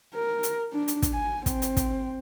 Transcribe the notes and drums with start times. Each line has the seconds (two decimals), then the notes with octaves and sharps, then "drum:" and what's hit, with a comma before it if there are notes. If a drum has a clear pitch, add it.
0.14 A#4
0.43 drum: hi-hat
0.73 D4
0.88 drum: hi-hat
1.02 drum: kick, hi-hat
1.13 G#5
1.46 C4, drum: kick, hi-hat
1.62 drum: hi-hat
1.77 drum: kick, hi-hat